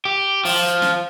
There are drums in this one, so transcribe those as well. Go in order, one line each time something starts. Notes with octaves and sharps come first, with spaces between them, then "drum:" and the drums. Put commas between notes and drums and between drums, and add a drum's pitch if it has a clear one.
G4
F3, drum: open hi-hat
drum: snare